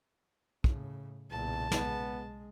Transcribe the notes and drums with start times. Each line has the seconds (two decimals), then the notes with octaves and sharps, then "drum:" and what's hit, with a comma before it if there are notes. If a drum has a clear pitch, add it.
0.64 A2 C#3, drum: kick
1.31 B1 E2 A#2 C#3 A5
1.71 G#3 B3, drum: snare